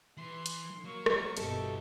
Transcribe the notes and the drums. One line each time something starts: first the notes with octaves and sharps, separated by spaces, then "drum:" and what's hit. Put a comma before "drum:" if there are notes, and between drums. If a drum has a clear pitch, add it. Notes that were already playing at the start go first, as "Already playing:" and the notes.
E3 C6
drum: hi-hat
F#3 A#3 C#6
drum: rim click
G1 B2 E3 G4 A4 D#5 E5, drum: hi-hat